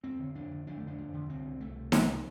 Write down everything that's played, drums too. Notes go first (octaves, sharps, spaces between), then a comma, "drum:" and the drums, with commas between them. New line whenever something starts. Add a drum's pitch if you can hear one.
F2 C4
D3
F2 D4
D3
F2 D4
A3
D3 D4
F2
D3
C2 C4
C3
C2 A3
C3
C2 G3, drum: snare D#4
G3
C3 F3